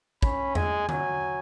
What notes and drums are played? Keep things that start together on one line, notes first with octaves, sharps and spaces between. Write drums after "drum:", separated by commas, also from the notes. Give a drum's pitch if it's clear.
C#4 B5, drum: kick
G#3 G#5, drum: tom E2
F#3 G#5, drum: tom D3